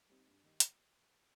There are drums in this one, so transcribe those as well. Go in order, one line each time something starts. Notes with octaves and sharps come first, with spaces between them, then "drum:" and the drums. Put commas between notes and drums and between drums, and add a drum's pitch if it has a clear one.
G3 C4 D#4
G2
D#3 G3
drum: hi-hat